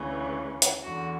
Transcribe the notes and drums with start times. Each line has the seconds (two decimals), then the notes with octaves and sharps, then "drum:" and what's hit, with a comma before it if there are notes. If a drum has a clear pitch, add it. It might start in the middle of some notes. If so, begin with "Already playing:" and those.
Already playing: D2 C#3 E3
0.62 drum: hi-hat
0.83 E2 D3 F#4